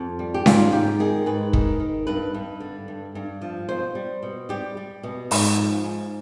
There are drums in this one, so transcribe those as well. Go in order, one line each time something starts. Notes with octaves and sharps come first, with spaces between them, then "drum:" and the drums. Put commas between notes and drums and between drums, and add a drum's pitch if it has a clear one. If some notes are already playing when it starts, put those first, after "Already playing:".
Already playing: F2
G3
G4
G#2 F4, drum: snare C#4
G#2 G4
D#3 G#4
G#2 B4
D#3, drum: kick
D#3
G2 B4
G2
D3
G2
G2
F3
B2 C5
G3
B2
G3 G4
G3
B2
G#2, drum: open hi-hat
F3
G#2